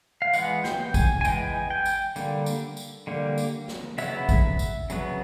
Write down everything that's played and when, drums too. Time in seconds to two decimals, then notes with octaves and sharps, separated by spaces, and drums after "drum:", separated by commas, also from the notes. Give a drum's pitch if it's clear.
0.22 F5
0.33 E3 G#3 B3 F#5, drum: tambourine
0.64 G5, drum: snare
0.94 G#5, drum: kick G#1, tambourine
1.21 G#5
1.25 E3 G#3 B3 G5, drum: tambourine
1.47 G#5
1.70 G5
1.86 drum: tambourine
2.16 D3 G3 A#3, drum: tambourine
2.46 drum: tambourine
2.77 drum: tambourine
3.07 D3 G3 A#3
3.38 drum: tambourine
3.68 drum: snare
3.98 C#3 F#3 B3 E5, drum: tambourine
4.29 drum: kick G#1, tambourine
4.59 drum: tambourine
4.90 C#3 F#3 B3, drum: tambourine